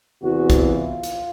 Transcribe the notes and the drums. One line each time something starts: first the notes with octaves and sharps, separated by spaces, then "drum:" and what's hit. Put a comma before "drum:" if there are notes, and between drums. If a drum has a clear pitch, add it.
E2 C3 E3 F#4
drum: kick, hi-hat
F4
drum: hi-hat